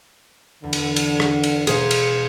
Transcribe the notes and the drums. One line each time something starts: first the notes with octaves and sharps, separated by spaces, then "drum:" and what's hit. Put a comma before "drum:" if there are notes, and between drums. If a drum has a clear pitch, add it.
E2 D3
drum: cymbal
drum: cymbal
drum: rim click
drum: cymbal
B2 D#3 G#3 G#4 C5 F5, drum: cymbal
drum: cymbal